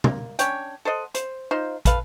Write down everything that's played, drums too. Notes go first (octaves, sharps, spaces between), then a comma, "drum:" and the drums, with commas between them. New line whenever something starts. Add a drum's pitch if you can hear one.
A#3, drum: tom
C#4 D4 C#5 G5, drum: hi-hat
A4 C5 D#5 F#5
C5, drum: hi-hat
D#4 F4 C5 C6
A4 B4 F5, drum: kick, hi-hat